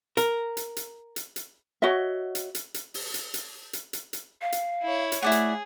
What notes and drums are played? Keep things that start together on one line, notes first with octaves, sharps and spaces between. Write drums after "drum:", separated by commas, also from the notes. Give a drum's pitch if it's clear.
A#4, drum: hi-hat
drum: hi-hat
drum: hi-hat
drum: hi-hat
drum: hi-hat
F#4 C#5 D#5 E5
drum: hi-hat
drum: hi-hat
drum: hi-hat
drum: open hi-hat
drum: hi-hat
drum: hi-hat
drum: hi-hat
drum: hi-hat
drum: hi-hat
F5
drum: hi-hat
E4 C#5
drum: hi-hat
A3 E4 G#4 D5 F#5
drum: hi-hat